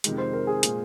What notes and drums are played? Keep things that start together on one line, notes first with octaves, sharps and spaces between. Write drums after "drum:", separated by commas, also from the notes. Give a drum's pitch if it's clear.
F2 C3 D#3 G#3, drum: hi-hat
C5
A#4
G#4
A#2 G#3, drum: hi-hat